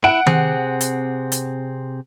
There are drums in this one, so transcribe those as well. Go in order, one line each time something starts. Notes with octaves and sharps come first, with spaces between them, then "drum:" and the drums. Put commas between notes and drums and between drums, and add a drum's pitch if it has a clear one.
E4 F#5 D7
C3 C4 G#4, drum: tom D#3
drum: hi-hat
drum: hi-hat